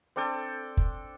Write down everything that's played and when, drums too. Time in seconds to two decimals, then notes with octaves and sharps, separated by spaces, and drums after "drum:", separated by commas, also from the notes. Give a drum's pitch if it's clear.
0.16 C4 D4 A4 G5
0.77 drum: kick